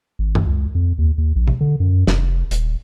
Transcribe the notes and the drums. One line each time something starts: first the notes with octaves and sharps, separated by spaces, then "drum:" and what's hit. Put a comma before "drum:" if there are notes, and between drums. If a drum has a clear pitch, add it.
G#1
drum: tom F#2
C#2
F2
D#2
D#2
A#1
drum: tom B2
D3
F#2
F1, drum: snare
D#1, drum: hi-hat